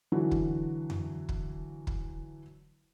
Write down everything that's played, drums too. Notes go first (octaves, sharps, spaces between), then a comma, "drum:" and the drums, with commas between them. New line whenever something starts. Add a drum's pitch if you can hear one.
D3 E3 F#3 D4 F#4
drum: kick
drum: tom F2
drum: kick
drum: kick